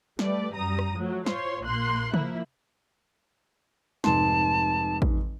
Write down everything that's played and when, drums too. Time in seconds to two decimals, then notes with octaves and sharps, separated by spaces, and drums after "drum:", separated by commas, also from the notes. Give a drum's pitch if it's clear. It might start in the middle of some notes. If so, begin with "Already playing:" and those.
0.19 G3 A3 B4 D5, drum: snare
0.54 F#2 G3 A#5 D#6
0.79 drum: rim click
0.95 F3 F#3 A3
1.26 F4 C5 C#5 C6, drum: snare
1.63 A#1 A#3 C6 F#6
2.14 F3 A#3 E4, drum: tom
4.04 F1 G#2 A5 C6, drum: snare
5.02 drum: kick